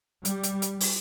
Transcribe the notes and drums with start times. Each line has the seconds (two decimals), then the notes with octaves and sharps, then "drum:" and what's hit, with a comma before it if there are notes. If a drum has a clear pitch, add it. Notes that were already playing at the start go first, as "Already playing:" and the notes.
0.25 G3, drum: hi-hat
0.43 drum: hi-hat
0.62 drum: hi-hat
0.80 drum: open hi-hat